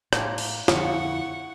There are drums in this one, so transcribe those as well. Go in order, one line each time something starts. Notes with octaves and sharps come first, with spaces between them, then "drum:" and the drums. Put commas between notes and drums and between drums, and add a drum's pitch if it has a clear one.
A2 D#3 F3 A#3, drum: rim click
drum: cymbal
F2 D3 F3 E4 F5 F#5 C#6, drum: snare